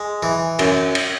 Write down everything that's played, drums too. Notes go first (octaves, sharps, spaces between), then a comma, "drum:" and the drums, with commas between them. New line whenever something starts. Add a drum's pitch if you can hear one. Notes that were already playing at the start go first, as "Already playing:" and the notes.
Already playing: G#3
E3
F#2, drum: cymbal
drum: cymbal